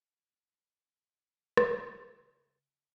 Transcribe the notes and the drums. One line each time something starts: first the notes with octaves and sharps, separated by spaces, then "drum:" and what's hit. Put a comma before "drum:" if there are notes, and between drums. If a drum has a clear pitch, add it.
D3 E3 G#4 E5, drum: rim click
C#3